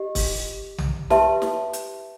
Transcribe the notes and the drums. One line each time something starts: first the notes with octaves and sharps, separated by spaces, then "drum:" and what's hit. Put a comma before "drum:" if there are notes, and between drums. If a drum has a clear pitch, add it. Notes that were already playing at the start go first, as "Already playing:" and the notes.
Already playing: G4 D#5
drum: kick, open hi-hat
drum: tom B1
G4 B4 E5 A5 C6, drum: snare
drum: snare
drum: hi-hat